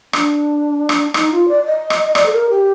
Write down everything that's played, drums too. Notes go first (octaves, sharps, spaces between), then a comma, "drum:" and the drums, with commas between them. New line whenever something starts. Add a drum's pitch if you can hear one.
D4, drum: rim click
drum: rim click
D#4, drum: rim click
F4
D5
D#5
drum: rim click
D#5
D5, drum: rim click
A4
A#4
G4